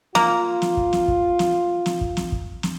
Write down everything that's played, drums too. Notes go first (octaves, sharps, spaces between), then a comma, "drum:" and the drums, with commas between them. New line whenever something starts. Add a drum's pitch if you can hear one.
A#3 F4, drum: snare
drum: snare
drum: kick
drum: snare
drum: kick
drum: snare
drum: snare
drum: kick
drum: snare
drum: kick
drum: snare